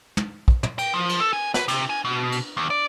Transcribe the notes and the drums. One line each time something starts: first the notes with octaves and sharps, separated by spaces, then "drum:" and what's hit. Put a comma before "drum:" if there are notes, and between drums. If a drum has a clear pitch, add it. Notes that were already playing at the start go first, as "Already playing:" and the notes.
drum: tom
drum: kick
drum: tom
G5, drum: cymbal
F3
drum: cymbal
A4
G#5
B4, drum: snare
C3, drum: cymbal
G#5
B2
drum: cymbal
D#2
D5